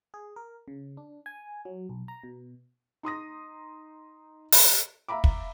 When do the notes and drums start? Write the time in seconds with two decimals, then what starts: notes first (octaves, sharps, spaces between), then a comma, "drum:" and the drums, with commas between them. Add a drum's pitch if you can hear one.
0.14 G#4
0.36 A#4
0.68 C#3
0.97 D4
1.26 G#5
1.65 F#3
1.89 B1
2.08 A#5
2.24 B2
3.03 D#4 C6 D#6 A#6
4.52 drum: open hi-hat
5.08 E5 F5 A#5 B5 D6
5.24 drum: kick